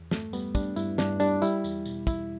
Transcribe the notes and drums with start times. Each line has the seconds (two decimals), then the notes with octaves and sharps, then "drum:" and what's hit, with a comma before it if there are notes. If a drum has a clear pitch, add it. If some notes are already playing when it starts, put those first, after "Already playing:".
Already playing: E2
0.11 G2 A3, drum: snare
0.33 G3 B3, drum: tambourine
0.55 G3 D4, drum: kick, tambourine
0.76 G2 E4, drum: tambourine
0.98 G2 D4, drum: snare
1.20 G3 D4, drum: tambourine
1.42 G3 E4, drum: tambourine
1.64 E2, drum: tambourine
1.86 B2, drum: tambourine
2.07 E2 E4, drum: kick, tambourine